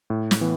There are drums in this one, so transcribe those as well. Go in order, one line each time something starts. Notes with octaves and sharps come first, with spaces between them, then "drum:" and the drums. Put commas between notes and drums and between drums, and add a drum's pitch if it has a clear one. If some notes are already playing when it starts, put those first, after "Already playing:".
A2
drum: snare
E3 B3